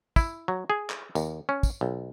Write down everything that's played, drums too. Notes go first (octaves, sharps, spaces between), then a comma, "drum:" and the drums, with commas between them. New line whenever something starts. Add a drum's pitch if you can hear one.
E4, drum: kick, tambourine
F#3
G#4
drum: clap
D#2, drum: tambourine
C#4
drum: kick, tambourine
B1